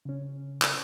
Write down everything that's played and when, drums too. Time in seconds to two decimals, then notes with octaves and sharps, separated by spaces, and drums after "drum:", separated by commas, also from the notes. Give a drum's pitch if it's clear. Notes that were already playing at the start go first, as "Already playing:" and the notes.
0.05 C#3 C#4
0.62 drum: clap